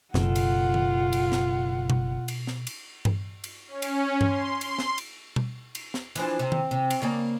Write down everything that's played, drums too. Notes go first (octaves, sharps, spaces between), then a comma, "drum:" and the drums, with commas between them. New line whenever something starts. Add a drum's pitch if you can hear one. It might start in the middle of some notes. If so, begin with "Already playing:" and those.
F#1 B2 F4 A4 F#5 G5, drum: snare
drum: cymbal
drum: tom D#3
drum: cymbal
drum: snare
drum: tom B2
drum: cymbal
drum: snare
drum: cymbal
drum: tom G2
drum: cymbal
C#4
drum: cymbal
C6, drum: tom G2
C6, drum: cymbal
drum: snare
drum: cymbal
drum: tom B2
drum: cymbal
drum: snare
E3 F3 D4, drum: cymbal
C3
drum: tom D#3
C3
drum: cymbal
C#3 A#3 D5